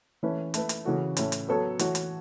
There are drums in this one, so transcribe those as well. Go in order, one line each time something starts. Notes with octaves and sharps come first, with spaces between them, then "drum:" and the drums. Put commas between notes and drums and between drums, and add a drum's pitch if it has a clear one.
E3 A3 C#4 E4 B4
A3 E4 B4, drum: hi-hat
drum: hi-hat
C#3 E3 C#4 F#4 A4
A2 A3 C#4, drum: hi-hat
drum: hi-hat
F#3 B3 A4 C#5
E3 A3 F#4 C#5, drum: hi-hat
drum: hi-hat